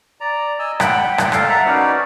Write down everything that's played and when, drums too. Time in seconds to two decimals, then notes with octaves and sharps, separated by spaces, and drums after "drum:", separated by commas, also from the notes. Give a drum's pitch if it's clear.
0.20 D5 A#5
0.59 D#5 G#5 E6
0.80 F#5 G5 B5, drum: rim click
1.18 drum: rim click
1.32 A4 F5, drum: rim click
1.49 A#4 E5 F#5 A5 A#5
1.66 C#4 D#4 F#4 B4 C#5 D5